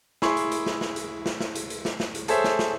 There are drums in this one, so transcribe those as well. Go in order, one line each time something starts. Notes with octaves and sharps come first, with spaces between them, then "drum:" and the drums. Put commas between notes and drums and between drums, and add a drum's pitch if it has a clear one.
E4 G#4 G#5 C6 C#6, drum: snare
drum: hi-hat
drum: hi-hat
drum: snare
drum: snare
drum: hi-hat
drum: snare
drum: snare
drum: hi-hat
drum: hi-hat
drum: snare
drum: snare
drum: hi-hat
G#4 A4 C5 C#5 E5, drum: hi-hat
drum: snare
drum: snare